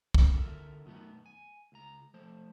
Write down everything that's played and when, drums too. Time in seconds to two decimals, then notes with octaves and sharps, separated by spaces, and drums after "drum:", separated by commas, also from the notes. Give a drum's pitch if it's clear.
0.14 B1 A2 C#3 F#5, drum: kick
0.32 D3 F4 A4 A#4 E5
0.85 F#2 B2 D#3 A3 B3
1.26 G#5
1.72 C#2 A#5
2.14 F3 A3 C5